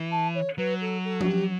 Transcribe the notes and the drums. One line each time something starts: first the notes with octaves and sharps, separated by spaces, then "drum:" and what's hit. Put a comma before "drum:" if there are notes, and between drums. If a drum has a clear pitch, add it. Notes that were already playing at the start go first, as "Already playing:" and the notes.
Already playing: E3
A5
C#5
F#3 B4
A4
A4
F#4, drum: tom F3
G4